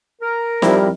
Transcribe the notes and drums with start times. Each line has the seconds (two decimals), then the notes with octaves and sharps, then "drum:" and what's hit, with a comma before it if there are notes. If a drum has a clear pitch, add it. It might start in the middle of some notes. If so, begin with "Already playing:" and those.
0.22 A#4
0.62 F3 G3 C4 E4, drum: snare